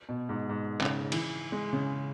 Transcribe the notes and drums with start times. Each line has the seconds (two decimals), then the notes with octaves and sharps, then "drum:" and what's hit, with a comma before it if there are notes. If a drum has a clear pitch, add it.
0.09 B2
0.29 G#2
0.49 G#2
0.81 C#3, drum: clap
1.12 E3, drum: cymbal
1.52 G#3
1.73 C#3